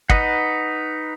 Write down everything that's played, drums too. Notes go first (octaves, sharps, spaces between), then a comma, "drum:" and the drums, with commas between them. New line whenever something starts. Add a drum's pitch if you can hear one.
D#4 B4 D#5 F#5, drum: kick